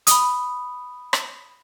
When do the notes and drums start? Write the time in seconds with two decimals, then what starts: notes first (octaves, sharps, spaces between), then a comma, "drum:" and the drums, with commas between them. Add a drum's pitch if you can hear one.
0.07 B5 D#6, drum: hi-hat
1.13 drum: rim click